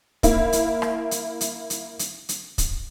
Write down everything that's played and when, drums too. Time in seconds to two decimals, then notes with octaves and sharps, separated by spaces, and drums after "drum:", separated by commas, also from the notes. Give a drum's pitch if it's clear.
0.23 A#3 E4, drum: kick, hi-hat
0.53 drum: hi-hat
0.82 drum: rim click
1.11 drum: hi-hat
1.41 drum: hi-hat
1.70 drum: hi-hat
1.99 drum: hi-hat
2.29 drum: hi-hat
2.58 drum: kick, hi-hat